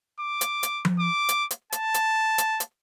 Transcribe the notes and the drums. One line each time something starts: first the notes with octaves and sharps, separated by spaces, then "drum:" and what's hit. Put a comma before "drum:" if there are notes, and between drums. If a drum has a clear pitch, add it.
D6
drum: hi-hat
drum: hi-hat
drum: tom F3
D6
drum: hi-hat
drum: hi-hat
A5, drum: hi-hat
drum: hi-hat
drum: hi-hat
drum: hi-hat